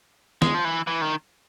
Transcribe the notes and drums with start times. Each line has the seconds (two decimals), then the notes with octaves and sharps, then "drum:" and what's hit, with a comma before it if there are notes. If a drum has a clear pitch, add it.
0.42 G#3, drum: snare
0.54 F3
0.65 E3
0.87 E3
1.01 D#3